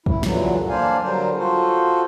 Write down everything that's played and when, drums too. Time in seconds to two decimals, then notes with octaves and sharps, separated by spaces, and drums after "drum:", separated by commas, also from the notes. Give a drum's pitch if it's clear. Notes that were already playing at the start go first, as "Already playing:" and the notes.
0.06 E4, drum: kick
0.23 G2 A#2 D3 E3 F#3, drum: snare
0.69 A#3 D4 C5 D5 F5 G#5
1.01 D3 F#3 G3 A#4 C5
1.36 F4 F#4 A4 C5